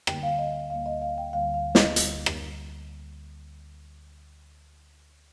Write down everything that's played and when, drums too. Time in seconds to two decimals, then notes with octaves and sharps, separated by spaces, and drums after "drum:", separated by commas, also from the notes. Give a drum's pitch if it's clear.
0.07 D2 D3 G3 A#3 G5, drum: rim click
0.23 F5
0.38 D#5
0.55 F5
0.70 D2 D3 G3 A#3 F5
0.86 D#5
1.02 F5
1.18 G5
1.33 D2 D3 G3 A#3 F5
1.54 F5
1.75 D#5, drum: snare
1.96 D2 D3 G3 A#3, drum: hi-hat
2.26 drum: rim click